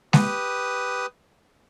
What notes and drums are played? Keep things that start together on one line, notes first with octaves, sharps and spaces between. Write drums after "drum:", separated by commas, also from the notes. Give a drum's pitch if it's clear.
G4 B4 D#6, drum: snare